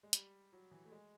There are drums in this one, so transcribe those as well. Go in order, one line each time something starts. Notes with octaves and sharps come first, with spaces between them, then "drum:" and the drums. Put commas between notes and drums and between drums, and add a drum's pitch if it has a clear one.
G#3
G3, drum: hi-hat
F#3
E3
A3
G#3